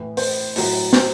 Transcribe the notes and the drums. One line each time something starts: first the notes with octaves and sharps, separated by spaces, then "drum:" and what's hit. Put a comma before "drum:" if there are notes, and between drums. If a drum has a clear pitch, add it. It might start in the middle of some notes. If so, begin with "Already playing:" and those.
Already playing: A2 E3
C5, drum: open hi-hat
A2 F#3, drum: open hi-hat
C5, drum: snare